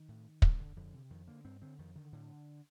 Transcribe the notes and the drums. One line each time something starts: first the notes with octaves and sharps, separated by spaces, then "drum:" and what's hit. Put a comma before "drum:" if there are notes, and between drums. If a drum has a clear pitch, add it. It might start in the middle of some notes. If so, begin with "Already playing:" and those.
Already playing: D#3
A2
G2, drum: kick
D3
F2 D3
C3
F2 D#3
D3 A#3
G2 C4
D3 C4
F2 D#3
D3 D#3
A2 D3